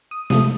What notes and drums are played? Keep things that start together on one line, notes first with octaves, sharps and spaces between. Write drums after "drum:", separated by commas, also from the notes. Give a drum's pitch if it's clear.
D#6
C3 F3 A3 D#6, drum: snare